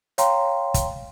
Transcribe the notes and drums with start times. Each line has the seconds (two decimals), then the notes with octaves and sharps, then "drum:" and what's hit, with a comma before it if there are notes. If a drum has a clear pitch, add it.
0.18 C#5 F5 G5 A#5 C6, drum: hi-hat
0.74 drum: kick, hi-hat